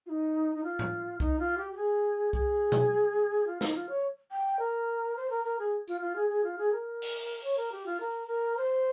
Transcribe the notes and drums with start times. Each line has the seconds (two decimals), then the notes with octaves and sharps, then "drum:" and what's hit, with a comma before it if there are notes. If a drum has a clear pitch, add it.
0.06 F4
0.09 D#4
0.55 D#4
0.64 F4
0.79 drum: tom A2
1.20 D#4, drum: kick C2
1.39 F4
1.58 G4
1.72 G4
1.77 G#4
2.33 G#4, drum: kick C2
2.72 drum: tom B2
3.47 F4
3.61 D#4, drum: snare
3.75 F4
3.89 C#5
4.31 G5
4.59 A#4
5.16 C5
5.30 A#4
5.45 A#4
5.59 G#4
5.88 F4, drum: tambourine
6.01 F4
6.16 G#4
6.29 G#4
6.44 F4
6.58 G#4
6.72 A#4
7.02 drum: open hi-hat
7.43 C#5
7.57 A#4
7.72 G4
7.86 F4
8.00 A#4
8.28 A#4
8.57 C5